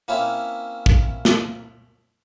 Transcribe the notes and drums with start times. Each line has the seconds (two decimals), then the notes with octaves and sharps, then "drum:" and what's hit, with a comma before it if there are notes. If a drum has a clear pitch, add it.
0.08 A#3 C4 C#4 E4 B4 C#5
0.86 drum: kick
1.25 drum: snare